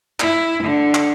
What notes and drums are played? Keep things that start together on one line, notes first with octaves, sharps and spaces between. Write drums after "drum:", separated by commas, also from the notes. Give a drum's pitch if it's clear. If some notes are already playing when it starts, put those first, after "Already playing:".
E4, drum: clap
D3
drum: clap